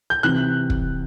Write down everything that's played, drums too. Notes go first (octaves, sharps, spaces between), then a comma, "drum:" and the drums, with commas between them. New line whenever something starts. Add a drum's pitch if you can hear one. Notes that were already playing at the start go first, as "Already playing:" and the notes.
G6
C3 E3 F#6
drum: kick